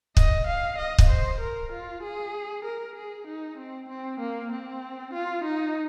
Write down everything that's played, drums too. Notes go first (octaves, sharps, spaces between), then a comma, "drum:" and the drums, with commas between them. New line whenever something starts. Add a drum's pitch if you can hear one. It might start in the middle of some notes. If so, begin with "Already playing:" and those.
D#5, drum: kick
F5
D#5
drum: kick
C5
A#4
F4
G#4
A#4
G#4
D#4
C4
C4
A#3
C4
F4
D#4